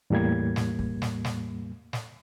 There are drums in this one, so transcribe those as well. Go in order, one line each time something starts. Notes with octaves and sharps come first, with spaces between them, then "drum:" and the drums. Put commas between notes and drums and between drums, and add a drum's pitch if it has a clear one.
E2 A2 G3 A#3 G#6
drum: snare
drum: kick
drum: snare
drum: snare
drum: snare